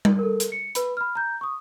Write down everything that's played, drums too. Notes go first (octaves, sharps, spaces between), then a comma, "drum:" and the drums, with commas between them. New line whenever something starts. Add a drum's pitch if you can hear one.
drum: tom G3
A4 A#4
drum: hi-hat
C#7
B4 B5, drum: hi-hat
B5 F6
A#5 G6
C#6 D#6